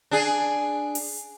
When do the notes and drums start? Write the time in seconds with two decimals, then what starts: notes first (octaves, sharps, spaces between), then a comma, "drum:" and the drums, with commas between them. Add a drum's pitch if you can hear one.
0.11 D4 G#4
0.95 drum: open hi-hat